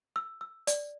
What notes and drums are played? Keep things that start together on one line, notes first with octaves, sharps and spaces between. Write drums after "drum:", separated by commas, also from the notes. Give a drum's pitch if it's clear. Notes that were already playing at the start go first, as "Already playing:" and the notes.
E6
E6
D5, drum: hi-hat